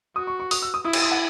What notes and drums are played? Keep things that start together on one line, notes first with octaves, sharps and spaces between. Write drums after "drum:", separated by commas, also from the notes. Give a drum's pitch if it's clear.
F#4 D#6
C#6
C#6
D#6, drum: open hi-hat
E6
D#6
E4 D#6
E6, drum: cymbal
D#6
F#5